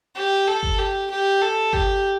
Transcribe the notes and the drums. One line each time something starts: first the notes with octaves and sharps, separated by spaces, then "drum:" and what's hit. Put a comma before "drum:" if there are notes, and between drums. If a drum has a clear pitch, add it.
G4
A4
drum: kick G1
G4
G4
A4
G4, drum: kick G1